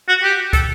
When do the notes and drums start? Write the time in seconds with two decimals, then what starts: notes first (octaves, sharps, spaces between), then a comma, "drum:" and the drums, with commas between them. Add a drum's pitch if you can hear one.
0.08 F#4
0.23 G4
0.53 A4, drum: kick, hi-hat